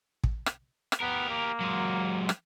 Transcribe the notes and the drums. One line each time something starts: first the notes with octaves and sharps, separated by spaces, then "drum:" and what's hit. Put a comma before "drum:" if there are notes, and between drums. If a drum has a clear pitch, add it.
drum: kick
drum: rim click
drum: rim click
B3 G4 A#4
A#3
F#3 G#3
drum: rim click